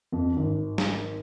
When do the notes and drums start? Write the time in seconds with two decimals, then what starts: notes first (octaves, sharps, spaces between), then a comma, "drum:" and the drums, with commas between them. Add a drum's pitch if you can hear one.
0.12 F2
0.37 G#1
0.78 drum: snare